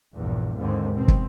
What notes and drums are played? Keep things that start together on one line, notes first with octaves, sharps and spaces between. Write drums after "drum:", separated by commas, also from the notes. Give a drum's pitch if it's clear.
A#1 E2 G2
D#2 G#2 D3 C4
B2 C4
drum: kick